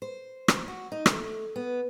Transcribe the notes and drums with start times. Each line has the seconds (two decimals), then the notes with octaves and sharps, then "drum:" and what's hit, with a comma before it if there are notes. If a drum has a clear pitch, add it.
0.02 C5
0.48 drum: rim click
0.68 F#4
0.92 D#4
1.06 A3, drum: rim click
1.56 B3